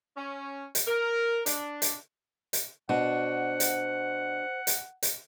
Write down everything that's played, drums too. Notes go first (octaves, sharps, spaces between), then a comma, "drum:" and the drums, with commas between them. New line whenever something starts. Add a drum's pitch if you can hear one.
C#4
drum: hi-hat
A#4
D4, drum: hi-hat
drum: hi-hat
drum: hi-hat
B2 D4 F#4 C5 F#5
drum: hi-hat
drum: hi-hat
drum: hi-hat